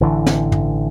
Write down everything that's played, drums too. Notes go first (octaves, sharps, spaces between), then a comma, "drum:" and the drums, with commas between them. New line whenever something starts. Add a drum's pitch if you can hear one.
A1 D3 E3
drum: snare
drum: tom